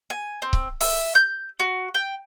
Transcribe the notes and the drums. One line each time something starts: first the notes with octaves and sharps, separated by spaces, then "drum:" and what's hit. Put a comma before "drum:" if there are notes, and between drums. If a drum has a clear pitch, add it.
G#5
C4
drum: kick C#1
E5, drum: open hi-hat
G6
F#4
G5